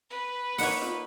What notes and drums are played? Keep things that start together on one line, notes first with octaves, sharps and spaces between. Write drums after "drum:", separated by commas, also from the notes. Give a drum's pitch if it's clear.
B4
A#3 D#4 C#5 F#5, drum: open hi-hat
drum: snare F4